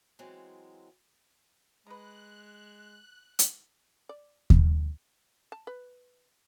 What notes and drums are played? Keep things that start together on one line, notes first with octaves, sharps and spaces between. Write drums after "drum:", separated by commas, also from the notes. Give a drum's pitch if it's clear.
E3 F#3 G#3 C4
G#3 B4 A#5 F#6
drum: hi-hat
D5
drum: kick D#2
A5
B4